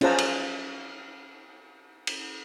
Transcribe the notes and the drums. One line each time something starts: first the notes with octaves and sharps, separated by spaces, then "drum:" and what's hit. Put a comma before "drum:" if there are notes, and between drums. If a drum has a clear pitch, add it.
C#4 F4 G#4 C5 A5 A#5, drum: cymbal
drum: cymbal
drum: cymbal